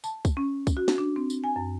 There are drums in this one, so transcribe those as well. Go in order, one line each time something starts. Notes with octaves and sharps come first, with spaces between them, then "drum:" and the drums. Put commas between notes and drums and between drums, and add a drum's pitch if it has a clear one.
A5, drum: tambourine
drum: kick, tambourine
C#4
drum: kick, tambourine
F#4
drum: snare
D4
C4
drum: tambourine
G#5
F#2